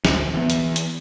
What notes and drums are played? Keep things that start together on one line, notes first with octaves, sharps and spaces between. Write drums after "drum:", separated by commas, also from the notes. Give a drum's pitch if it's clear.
A1 D2, drum: snare
E3 B3
drum: hi-hat
drum: hi-hat